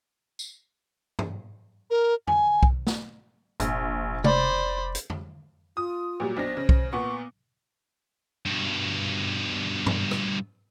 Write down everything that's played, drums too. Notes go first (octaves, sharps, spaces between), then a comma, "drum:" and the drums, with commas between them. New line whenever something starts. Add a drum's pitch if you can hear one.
drum: tambourine
drum: tom G2
A#4
G#5, drum: tom F2
drum: kick B1
drum: snare
F1 A#1, drum: hi-hat
C5 D5 B5, drum: tom C3
drum: hi-hat
drum: tom F2
F4 D#6
A#2 F#3 G3
B1 D4 C5 A#6
C#3
drum: kick B1
A#2 B3 C#6
G2 B2
drum: tom G2
drum: rim click